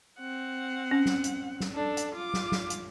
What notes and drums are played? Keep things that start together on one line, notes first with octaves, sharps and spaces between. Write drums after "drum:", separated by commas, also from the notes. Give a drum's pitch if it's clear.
C4 F#5
C#4
drum: snare
drum: hi-hat
drum: snare
D4 A4
drum: hi-hat
F4 D6
drum: snare
drum: snare
drum: hi-hat